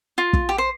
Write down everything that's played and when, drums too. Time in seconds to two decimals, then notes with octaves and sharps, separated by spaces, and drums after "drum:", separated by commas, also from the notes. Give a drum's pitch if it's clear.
0.18 F4
0.33 drum: kick
0.49 G4
0.58 C5